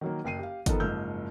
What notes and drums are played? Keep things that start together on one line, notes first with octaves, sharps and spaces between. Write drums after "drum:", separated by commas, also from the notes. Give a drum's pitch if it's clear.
D#3 F#3 A#3
F#1 G5 C7 D#7
G4 F5
D#3 F3 B3 D#4 A4 A#4, drum: kick G1, hi-hat
F#1 G#2 F3 E6 F6 G6